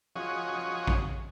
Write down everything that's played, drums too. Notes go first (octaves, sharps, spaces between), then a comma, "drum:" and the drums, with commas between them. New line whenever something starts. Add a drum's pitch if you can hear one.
F3 C#4 F#4 G#4 C#5 D#5
drum: kick